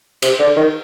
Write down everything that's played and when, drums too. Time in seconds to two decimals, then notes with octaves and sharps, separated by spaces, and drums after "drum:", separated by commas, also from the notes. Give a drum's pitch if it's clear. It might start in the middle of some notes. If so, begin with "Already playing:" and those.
0.22 C3, drum: cymbal
0.39 D3
0.56 D#3